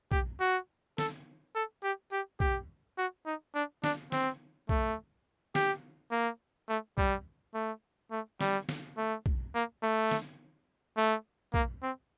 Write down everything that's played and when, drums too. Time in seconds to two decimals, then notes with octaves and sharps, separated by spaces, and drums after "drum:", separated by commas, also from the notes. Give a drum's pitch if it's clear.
0.12 G4, drum: kick
0.40 F#4
0.98 A4, drum: snare
1.55 A4
1.83 G4
2.12 G4
2.40 G4, drum: kick
2.98 F#4
3.26 D#4
3.55 D4
3.84 D4, drum: snare
4.12 C4, drum: snare
4.69 A3, drum: kick
5.55 G4, drum: snare
6.12 A#3
6.69 A3
6.98 G3, drum: kick
7.54 A3
8.11 A3
8.41 G3, drum: snare
8.69 drum: snare
8.97 A3
9.26 drum: kick
9.55 A#3
9.83 A3
10.11 drum: snare
10.97 A3
11.54 A#3, drum: kick
11.83 C4